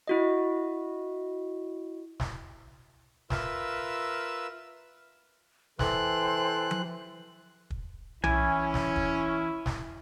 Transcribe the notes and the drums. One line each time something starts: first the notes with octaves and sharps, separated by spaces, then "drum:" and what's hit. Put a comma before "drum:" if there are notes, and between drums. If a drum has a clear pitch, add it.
E4 F#4 D#5
drum: snare
F4 A#4 B4 E5 E6, drum: snare
E3 A4 C5 G5 C6 F#6, drum: snare
drum: tom F3
drum: kick
E3 C#4 E4 G#5, drum: tom B1
drum: snare
drum: kick
drum: snare